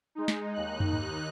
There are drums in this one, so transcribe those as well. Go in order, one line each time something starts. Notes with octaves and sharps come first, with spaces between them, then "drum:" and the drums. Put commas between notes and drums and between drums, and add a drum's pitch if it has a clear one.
G#3 D#4
drum: snare
D#2 D#4 F#6
drum: tom
drum: tom